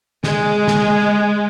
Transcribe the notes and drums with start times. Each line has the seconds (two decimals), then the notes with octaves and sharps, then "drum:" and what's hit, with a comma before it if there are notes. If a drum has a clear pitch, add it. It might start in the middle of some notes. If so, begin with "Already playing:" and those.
0.24 G#3, drum: snare
0.68 drum: snare